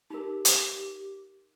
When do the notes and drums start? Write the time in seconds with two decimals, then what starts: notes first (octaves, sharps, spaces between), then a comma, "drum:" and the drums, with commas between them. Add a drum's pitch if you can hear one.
0.10 D#4 G4 A#4
0.45 drum: hi-hat